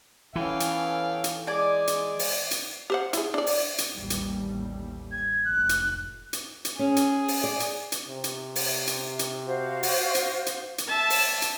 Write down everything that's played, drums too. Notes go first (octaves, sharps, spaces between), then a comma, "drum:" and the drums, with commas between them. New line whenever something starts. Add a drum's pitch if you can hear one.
E3 B3 C#4 A4 F5 G5
drum: hi-hat
drum: hi-hat
G#3 G#4 D5 G#5 D6
drum: hi-hat
drum: open hi-hat
drum: hi-hat
G4 C5 F#5
E4 G#4, drum: hi-hat
D4 D5
drum: open hi-hat
drum: hi-hat
A1 D#2 G3
drum: hi-hat
G#6
F1 C#2 F#6
drum: hi-hat
drum: hi-hat
drum: hi-hat
C#4 G#4
drum: hi-hat
drum: open hi-hat
D5
drum: hi-hat
drum: hi-hat
C3
drum: hi-hat
drum: open hi-hat
drum: hi-hat
drum: hi-hat
F#4 C5 F5
drum: open hi-hat
drum: hi-hat
drum: hi-hat
drum: hi-hat
E5 A5
drum: open hi-hat
drum: hi-hat